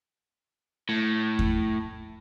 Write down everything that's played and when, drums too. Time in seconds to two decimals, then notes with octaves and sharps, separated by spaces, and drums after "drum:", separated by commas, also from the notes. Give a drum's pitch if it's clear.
0.89 A2
1.39 drum: kick E2